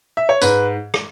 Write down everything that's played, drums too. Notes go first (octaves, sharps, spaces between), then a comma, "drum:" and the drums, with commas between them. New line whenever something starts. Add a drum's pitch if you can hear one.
E5
C#5
G#2 B4, drum: tambourine
drum: rim click